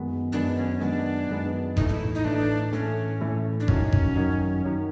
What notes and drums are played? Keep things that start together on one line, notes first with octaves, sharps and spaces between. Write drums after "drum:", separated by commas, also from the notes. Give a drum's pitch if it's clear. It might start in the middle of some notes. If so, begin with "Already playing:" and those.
Already playing: F#2 D#3 G#3 B3
F#2 D#3 G#3 B3 D4
C#4
F#2 D#3 G#3 B3 D4
F#2 D#3 G#3 B3
A2 E3 A3 D#4, drum: kick G#1
D#4
E4
D#4
A2 E3 A3 D4
A2 E3 A3 C#4
A2 E3 A3
D4
F#2 D#3 F#3 C#4, drum: kick G#1
drum: kick G#1
F#2 D#3 F#3
F#2 D#3 F#3